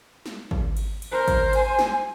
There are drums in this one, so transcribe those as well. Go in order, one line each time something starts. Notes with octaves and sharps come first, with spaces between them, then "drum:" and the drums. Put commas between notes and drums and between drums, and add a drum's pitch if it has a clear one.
drum: snare
drum: kick
drum: cymbal
drum: cymbal
A#4 C5
drum: kick, cymbal
G#5, drum: cymbal
drum: snare